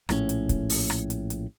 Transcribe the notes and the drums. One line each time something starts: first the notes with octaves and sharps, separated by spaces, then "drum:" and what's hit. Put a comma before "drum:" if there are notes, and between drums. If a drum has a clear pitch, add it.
A#1 A2 D#3 C#4, drum: rim click
drum: hi-hat
drum: kick, hi-hat
drum: open hi-hat
drum: rim click
drum: hi-hat
drum: hi-hat